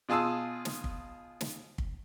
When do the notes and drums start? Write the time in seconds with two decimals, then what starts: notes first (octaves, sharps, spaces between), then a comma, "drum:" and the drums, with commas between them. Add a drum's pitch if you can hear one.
0.09 B2 F4 G#4 A5 E6
0.65 drum: snare
0.84 drum: kick
1.41 drum: snare
1.78 drum: kick